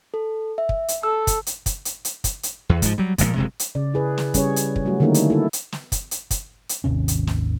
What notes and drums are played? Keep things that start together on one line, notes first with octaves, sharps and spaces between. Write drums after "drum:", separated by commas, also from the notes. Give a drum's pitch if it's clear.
A4
E5
drum: kick
drum: hi-hat
A4 E6
drum: kick, hi-hat
drum: hi-hat
drum: kick, hi-hat
drum: hi-hat
drum: hi-hat
drum: kick, hi-hat
drum: hi-hat
E2
G#2 F3, drum: kick, hi-hat
F#3 G3
A#2 C#3 F3 G#3, drum: kick, hi-hat
F#1 C3 G#3
drum: hi-hat
C#3 D5
E4 G#4 B4
drum: snare
G3 C#4 G#4 C#5, drum: kick, hi-hat
drum: hi-hat
drum: kick
F#3 G3 A3 F#4
D3 D#3 A3 A#3 D#4 E4
drum: hi-hat
E4 A4
drum: hi-hat
drum: snare
drum: kick, hi-hat
drum: hi-hat
drum: kick, hi-hat
drum: hi-hat
G#1 D#2 C3 C#4
drum: hi-hat
drum: snare